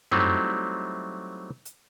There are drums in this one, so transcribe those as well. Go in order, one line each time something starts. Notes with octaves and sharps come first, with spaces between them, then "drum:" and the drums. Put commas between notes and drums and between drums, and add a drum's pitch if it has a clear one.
F#3 G3 A3 C4 D#4 E4, drum: tom F#2
drum: hi-hat